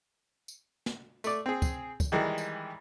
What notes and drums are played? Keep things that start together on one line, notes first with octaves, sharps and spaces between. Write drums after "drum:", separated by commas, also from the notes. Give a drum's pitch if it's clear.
drum: tambourine
drum: snare
A3 D5, drum: tambourine
C4 G#4
drum: kick, tambourine
drum: kick, tambourine
D#3 E3 G3 G#3
drum: tambourine